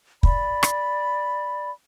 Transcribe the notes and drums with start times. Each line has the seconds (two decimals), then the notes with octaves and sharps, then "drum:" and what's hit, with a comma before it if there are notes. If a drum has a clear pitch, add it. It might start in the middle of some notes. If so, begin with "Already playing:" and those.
0.23 D5 B5, drum: kick
0.63 drum: rim click